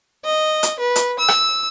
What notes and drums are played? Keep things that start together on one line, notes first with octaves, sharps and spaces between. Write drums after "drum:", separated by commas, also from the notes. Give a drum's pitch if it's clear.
D#5
drum: hi-hat
B4
drum: hi-hat
E6
drum: rim click